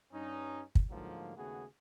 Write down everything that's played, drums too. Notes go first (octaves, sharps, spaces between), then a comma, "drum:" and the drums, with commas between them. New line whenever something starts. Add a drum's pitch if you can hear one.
G2 C#4 D#4
drum: kick
G#2 D3 F3 F#3 A3 A#3
D#2 C#3 A3 B3 F#4 G#4